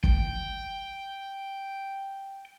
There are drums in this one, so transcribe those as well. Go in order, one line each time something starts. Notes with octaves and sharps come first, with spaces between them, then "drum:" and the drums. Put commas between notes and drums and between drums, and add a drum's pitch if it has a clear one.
G5, drum: kick